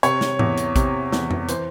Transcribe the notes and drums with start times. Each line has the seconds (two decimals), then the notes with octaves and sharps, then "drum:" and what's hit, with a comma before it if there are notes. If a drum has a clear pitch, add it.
0.03 C3 C#5, drum: hi-hat
0.21 drum: snare
0.39 E2, drum: tom G#2
0.58 drum: hi-hat
0.76 C3, drum: kick, hi-hat
1.13 E2, drum: snare
1.31 drum: tom F2
1.49 E3 C5, drum: hi-hat